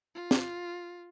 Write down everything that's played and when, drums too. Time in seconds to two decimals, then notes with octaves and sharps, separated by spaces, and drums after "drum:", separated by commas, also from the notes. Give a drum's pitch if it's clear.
0.15 F4
0.31 drum: snare